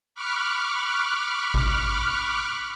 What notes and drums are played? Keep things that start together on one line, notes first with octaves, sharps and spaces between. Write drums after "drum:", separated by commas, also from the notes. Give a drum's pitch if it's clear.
B5 C#6 D6 F6 F#6
drum: kick G#1